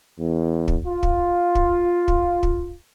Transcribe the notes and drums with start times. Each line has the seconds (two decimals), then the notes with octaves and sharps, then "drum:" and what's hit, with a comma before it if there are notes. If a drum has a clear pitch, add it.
0.18 E2
0.68 drum: kick
0.85 F4
1.03 drum: kick
1.55 drum: kick
2.08 drum: kick
2.43 drum: kick